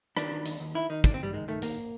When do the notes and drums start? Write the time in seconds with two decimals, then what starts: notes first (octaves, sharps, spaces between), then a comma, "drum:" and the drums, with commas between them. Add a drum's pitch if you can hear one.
0.17 D#3 D4, drum: rim click
0.31 D#3
0.45 D#2, drum: hi-hat
0.60 D#2
0.75 D#3 E4
0.90 D#3 D#4
1.04 D#2 D4, drum: kick, hi-hat
1.14 C4
1.19 D#2 G3
1.33 D#3 G#3
1.48 D#3 A3
1.62 D#2 A#3, drum: hi-hat